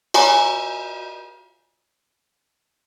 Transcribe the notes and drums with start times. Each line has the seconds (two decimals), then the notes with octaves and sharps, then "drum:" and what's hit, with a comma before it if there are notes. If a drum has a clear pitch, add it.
0.14 G4 C#5 G#5 A#5 B5 D6, drum: cymbal